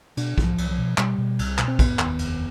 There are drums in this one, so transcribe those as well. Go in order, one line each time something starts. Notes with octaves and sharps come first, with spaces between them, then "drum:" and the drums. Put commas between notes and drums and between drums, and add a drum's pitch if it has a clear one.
B2 D4, drum: cymbal
C2, drum: kick
F3
C2, drum: cymbal
F3
B2
B2 G3, drum: clap
B2
C2, drum: cymbal
B2, drum: clap
C4
F1 B3, drum: kick, cymbal
D#2, drum: clap
F1, drum: cymbal